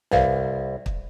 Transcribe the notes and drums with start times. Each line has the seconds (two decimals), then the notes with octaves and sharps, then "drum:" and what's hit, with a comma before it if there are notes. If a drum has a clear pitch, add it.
0.11 C2 B4 F5, drum: tom
0.86 drum: kick